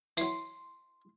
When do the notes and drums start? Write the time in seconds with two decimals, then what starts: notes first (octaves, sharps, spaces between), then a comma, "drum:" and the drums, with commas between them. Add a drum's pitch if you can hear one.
0.17 E3 F#3 C6, drum: tambourine